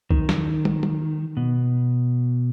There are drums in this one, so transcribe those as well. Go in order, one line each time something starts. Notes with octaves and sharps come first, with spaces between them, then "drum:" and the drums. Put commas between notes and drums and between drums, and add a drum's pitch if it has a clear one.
D#3, drum: kick B1
drum: snare
drum: tom
drum: tom
B2